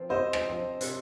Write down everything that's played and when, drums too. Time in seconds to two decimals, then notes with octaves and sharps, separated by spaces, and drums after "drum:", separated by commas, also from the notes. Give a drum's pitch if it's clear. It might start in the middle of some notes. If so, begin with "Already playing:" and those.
Already playing: F3 C4
0.09 C3 C5 D#5
0.33 drum: rim click
0.45 F3 C4
0.81 C3, drum: hi-hat